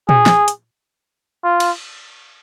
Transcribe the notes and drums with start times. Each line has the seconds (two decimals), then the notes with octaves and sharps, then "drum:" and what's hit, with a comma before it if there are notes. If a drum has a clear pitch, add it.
0.09 G#4, drum: tom A#2
0.26 drum: snare
0.48 drum: hi-hat
1.44 F4
1.60 drum: cymbal